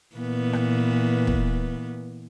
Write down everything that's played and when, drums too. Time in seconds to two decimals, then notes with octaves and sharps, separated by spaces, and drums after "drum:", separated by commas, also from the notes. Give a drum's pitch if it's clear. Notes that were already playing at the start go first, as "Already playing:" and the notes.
0.16 A#2 E3 B3
0.53 drum: rim click
1.27 drum: kick